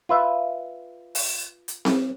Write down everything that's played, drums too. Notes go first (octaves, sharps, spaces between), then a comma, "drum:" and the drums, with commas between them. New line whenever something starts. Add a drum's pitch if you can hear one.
F4 B4 E5
drum: open hi-hat
drum: hi-hat
drum: snare C4